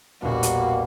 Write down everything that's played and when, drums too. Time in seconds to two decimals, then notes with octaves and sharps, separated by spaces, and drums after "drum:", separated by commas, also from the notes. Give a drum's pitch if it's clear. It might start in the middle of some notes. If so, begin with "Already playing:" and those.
0.22 E1 A#1 B2 G3 A#3 F#4
0.43 drum: hi-hat